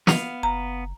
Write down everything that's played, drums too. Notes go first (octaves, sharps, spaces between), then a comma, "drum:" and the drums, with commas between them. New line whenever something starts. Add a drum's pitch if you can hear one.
B3 F5, drum: snare
F#1 A#5